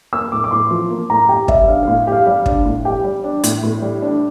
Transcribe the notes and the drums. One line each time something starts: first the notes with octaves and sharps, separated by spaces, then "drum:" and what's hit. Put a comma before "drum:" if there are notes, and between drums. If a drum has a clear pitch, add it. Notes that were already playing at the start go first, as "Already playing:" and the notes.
A#3 E6
A2 D6
D6
A2 C6
F3
A#3
A2 A#5
G4 G5
G3 E5, drum: kick
D4 F5
A2 F5
G4 F5
G3 F5
D4, drum: kick
A2
G4 G5
G3
D4
A2, drum: hi-hat
A2
G3
D4